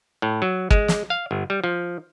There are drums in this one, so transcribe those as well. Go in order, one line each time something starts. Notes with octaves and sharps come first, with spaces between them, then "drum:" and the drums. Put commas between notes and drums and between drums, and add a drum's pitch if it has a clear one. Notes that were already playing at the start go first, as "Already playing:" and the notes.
A2
F#3
G#3, drum: kick
drum: snare
F5
G1
G3
F3